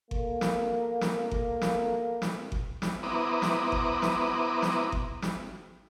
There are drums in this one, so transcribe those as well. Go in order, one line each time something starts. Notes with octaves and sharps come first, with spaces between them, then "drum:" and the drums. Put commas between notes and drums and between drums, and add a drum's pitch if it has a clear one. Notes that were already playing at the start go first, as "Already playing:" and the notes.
A3 A#3, drum: kick G1
drum: snare
drum: snare
drum: kick G1
drum: snare
drum: snare
drum: kick G1
drum: snare
B3 E4 C5 A#5 D6 D#6
drum: snare
drum: kick G1
drum: snare
drum: snare
drum: kick G1
drum: snare